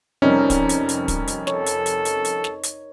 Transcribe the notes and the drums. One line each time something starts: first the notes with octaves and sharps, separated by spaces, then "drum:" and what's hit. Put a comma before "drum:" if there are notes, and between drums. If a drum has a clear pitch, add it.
F2 C3 G3 C#4 D#4 A#4
drum: kick, hi-hat
drum: hi-hat
drum: hi-hat
drum: kick, hi-hat
drum: hi-hat
A4 C#5, drum: snare
drum: hi-hat
drum: hi-hat
drum: hi-hat
drum: hi-hat
drum: snare
drum: hi-hat